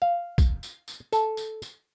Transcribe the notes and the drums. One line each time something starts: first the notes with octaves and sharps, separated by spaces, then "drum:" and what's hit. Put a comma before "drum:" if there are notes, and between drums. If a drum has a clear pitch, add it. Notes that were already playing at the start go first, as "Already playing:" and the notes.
F5
drum: kick, tambourine
drum: tambourine
drum: tambourine
A4, drum: tambourine
drum: tambourine
drum: tambourine